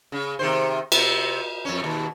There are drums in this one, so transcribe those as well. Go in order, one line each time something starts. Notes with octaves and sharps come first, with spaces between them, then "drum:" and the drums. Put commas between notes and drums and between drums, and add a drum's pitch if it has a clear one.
C#3
C3 D#3 C5
C3 B3, drum: cymbal
F2 C#4
D#2 G#2 B2